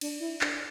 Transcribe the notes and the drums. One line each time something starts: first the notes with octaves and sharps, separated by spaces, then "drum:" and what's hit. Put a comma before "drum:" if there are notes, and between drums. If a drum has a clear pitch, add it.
D4, drum: cymbal
E4
D4, drum: clap